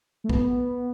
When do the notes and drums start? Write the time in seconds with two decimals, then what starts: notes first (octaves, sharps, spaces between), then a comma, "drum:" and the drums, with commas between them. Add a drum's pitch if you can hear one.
0.24 A3
0.29 B3, drum: kick